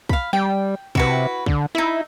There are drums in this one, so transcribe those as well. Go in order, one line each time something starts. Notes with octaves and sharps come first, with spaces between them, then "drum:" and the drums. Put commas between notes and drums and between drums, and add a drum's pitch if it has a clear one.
F5 B5, drum: kick
G3 G5
C3 E4 F#4 B4, drum: kick
D3, drum: kick
D#4 E4 E5